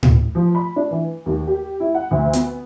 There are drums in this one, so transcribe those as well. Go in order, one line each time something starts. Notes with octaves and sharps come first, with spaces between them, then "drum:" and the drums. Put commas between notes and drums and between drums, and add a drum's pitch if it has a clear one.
drum: tom A2
F3
B5
D4
E3
D#2
G4
E4
F#5
D2
B3, drum: hi-hat